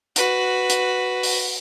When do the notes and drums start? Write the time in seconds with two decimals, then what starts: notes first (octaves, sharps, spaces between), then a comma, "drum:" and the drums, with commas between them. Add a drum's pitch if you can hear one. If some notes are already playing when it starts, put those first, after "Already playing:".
0.16 F#4 B4, drum: hi-hat
0.70 drum: hi-hat
1.23 drum: open hi-hat